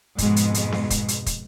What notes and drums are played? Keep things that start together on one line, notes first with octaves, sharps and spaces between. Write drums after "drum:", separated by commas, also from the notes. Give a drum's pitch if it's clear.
F2 G#2 B2 G#3, drum: kick, hi-hat
drum: hi-hat
drum: hi-hat
drum: snare B3
drum: kick, hi-hat
drum: hi-hat
drum: kick, hi-hat